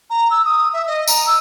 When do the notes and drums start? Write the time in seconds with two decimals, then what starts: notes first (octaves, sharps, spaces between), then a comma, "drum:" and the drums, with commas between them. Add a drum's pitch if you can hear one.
0.10 A#5
0.31 E6
0.45 D#6
0.73 E5
0.87 D#5
1.08 A#5, drum: tambourine
1.27 E6